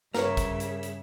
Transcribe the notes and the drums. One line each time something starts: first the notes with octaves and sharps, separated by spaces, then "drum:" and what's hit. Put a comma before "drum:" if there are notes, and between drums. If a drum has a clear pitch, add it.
G2 C#3 A#4 B4 C#5 E5, drum: snare
drum: kick, hi-hat
drum: hi-hat
drum: hi-hat